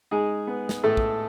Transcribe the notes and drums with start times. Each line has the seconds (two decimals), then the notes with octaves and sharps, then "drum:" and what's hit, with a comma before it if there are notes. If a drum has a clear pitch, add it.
0.11 G#3 D#4 G#4
0.47 B3
0.69 drum: snare
0.83 A2 A3 A4
0.97 drum: kick